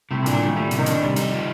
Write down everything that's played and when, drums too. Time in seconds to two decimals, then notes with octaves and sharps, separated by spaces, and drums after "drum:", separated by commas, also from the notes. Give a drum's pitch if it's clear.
0.11 A2 C3
0.22 A#2
0.26 D4, drum: hi-hat
0.33 A#2
0.41 A2 D#3
0.56 A2 G3
0.71 C3, drum: hi-hat
0.79 D#3
0.86 D4, drum: hi-hat
1.01 C3 G3
1.16 D#4, drum: hi-hat
1.32 F3